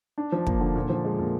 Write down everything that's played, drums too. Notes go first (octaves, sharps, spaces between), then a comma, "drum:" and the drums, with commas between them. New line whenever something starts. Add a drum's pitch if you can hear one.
D4
F3
A#3, drum: kick
D3
A#2
F3
G#3
A#2